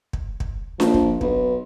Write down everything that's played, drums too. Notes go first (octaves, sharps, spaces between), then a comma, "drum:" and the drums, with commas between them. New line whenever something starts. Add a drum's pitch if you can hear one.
drum: kick
drum: kick
A#1 F3, drum: snare D4
drum: kick
B1 B4, drum: kick